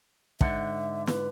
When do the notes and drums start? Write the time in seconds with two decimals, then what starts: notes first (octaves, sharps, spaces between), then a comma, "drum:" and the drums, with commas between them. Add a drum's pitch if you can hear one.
0.41 G#2 D3 E5 F#5, drum: kick
1.07 B4, drum: snare